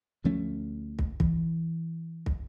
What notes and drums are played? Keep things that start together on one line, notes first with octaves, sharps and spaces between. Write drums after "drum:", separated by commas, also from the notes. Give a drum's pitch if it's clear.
D2 F3 A3 C#4
drum: kick
E3, drum: kick
drum: kick